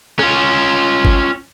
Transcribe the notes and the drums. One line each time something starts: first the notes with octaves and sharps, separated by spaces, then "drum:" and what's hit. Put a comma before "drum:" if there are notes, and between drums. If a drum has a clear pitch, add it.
C#4 F4, drum: rim click
drum: kick G#1